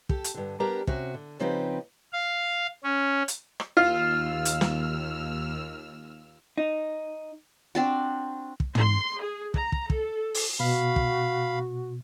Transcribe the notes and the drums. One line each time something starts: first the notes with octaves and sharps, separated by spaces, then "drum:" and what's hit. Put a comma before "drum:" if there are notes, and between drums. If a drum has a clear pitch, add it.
G4 A4, drum: kick
drum: hi-hat
G2 D3
G3 B3 D4 G4 A#4 A#5
C3 C#4 F#4, drum: kick
D3
C#3 F3 C4 D#4 G4 B4
F5
C#4
drum: hi-hat
drum: rim click
D#2 F4 E6 F6
drum: hi-hat
drum: snare
D#4
C4 D4 F#4
drum: kick
C6, drum: tom
G#4
A#5, drum: kick
drum: kick
A4, drum: kick
drum: open hi-hat
B2 F#4 F5 B5
drum: kick